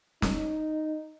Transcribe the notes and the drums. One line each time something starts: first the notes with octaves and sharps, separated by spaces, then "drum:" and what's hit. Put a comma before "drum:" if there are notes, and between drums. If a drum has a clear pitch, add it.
D#4, drum: snare